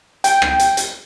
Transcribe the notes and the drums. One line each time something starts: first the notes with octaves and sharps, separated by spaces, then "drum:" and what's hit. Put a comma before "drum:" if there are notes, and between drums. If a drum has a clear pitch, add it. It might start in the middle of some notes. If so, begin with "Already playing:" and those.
G5, drum: hi-hat
drum: rim click
drum: hi-hat
drum: hi-hat